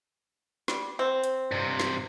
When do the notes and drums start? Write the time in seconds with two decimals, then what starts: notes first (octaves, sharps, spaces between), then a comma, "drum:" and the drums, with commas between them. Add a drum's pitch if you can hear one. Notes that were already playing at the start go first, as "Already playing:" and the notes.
0.68 G3, drum: snare
0.99 C4
1.24 drum: hi-hat
1.52 G2 C3
1.80 drum: snare